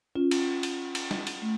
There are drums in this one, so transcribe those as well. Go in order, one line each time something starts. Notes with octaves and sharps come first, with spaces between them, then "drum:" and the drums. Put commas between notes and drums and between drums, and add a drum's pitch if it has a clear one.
C#4 F4
drum: cymbal
drum: cymbal
drum: cymbal
drum: snare
drum: cymbal
A3